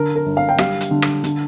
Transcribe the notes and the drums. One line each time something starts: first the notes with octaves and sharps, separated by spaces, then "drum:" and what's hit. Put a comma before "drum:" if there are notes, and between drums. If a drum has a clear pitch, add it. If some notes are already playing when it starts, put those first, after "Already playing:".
Already playing: D3 A#4
A#4
G1
F5
G5
G3 F5, drum: rim click
drum: hi-hat
D3
drum: rim click
D3, drum: hi-hat